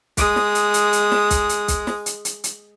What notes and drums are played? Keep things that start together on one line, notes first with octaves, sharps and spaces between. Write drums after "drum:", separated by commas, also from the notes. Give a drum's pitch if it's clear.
G#3 D#6, drum: kick, hi-hat
drum: snare
drum: hi-hat
drum: hi-hat
drum: hi-hat
drum: snare
drum: kick, hi-hat
drum: hi-hat
drum: kick, hi-hat
drum: snare
drum: hi-hat
drum: hi-hat
drum: hi-hat